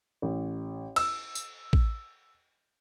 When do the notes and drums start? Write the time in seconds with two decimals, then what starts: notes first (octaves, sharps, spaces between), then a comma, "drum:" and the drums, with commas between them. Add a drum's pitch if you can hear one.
0.22 A1
0.96 E6, drum: cymbal
1.35 drum: tambourine
1.73 drum: kick A1